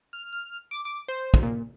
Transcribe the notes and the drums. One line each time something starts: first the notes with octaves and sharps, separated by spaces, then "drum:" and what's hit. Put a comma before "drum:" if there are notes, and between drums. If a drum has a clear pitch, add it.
F6
F6
D6
D6
C5
drum: kick
A#2